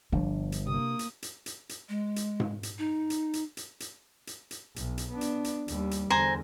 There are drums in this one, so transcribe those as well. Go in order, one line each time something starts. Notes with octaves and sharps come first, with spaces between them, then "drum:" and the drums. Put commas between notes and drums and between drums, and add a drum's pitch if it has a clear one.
G1 F3 D4
drum: hi-hat
C3 A#3 D#6
drum: hi-hat
drum: hi-hat
drum: hi-hat
drum: hi-hat
G#3
drum: hi-hat
drum: tom G#2
drum: hi-hat
D#4
drum: hi-hat
drum: hi-hat
drum: hi-hat
drum: hi-hat
drum: hi-hat
drum: hi-hat
B1, drum: hi-hat
drum: hi-hat
B3 D4
drum: hi-hat
drum: hi-hat
D#2 G3, drum: hi-hat
drum: hi-hat
E2 D3 C5 G#5 A#5